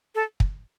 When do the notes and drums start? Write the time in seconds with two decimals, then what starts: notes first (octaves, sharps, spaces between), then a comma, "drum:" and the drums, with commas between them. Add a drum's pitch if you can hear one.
0.15 A4
0.40 drum: kick